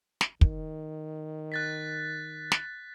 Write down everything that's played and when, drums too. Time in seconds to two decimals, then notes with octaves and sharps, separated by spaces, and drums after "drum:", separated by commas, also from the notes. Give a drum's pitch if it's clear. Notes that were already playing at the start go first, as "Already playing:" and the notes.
0.21 drum: snare
0.41 D#3, drum: kick
1.52 F#6 A6 B6
2.52 drum: snare